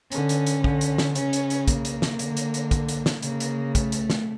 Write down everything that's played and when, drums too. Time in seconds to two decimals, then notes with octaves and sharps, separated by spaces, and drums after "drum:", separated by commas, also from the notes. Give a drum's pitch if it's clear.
0.12 D3 C#4, drum: hi-hat
0.29 drum: hi-hat
0.47 drum: hi-hat
0.64 D3, drum: kick
0.81 drum: hi-hat
0.98 drum: snare
1.15 C#3 C#4, drum: hi-hat
1.33 drum: hi-hat
1.50 drum: hi-hat
1.68 A#3, drum: kick, hi-hat
1.85 drum: hi-hat
2.02 drum: snare
2.19 D3, drum: hi-hat
2.37 drum: hi-hat
2.54 drum: hi-hat
2.71 drum: kick, hi-hat
2.89 drum: hi-hat
3.06 drum: snare
3.23 C#3 A#3, drum: hi-hat
3.40 drum: hi-hat
3.75 A3, drum: kick, hi-hat
3.92 drum: hi-hat
4.10 drum: snare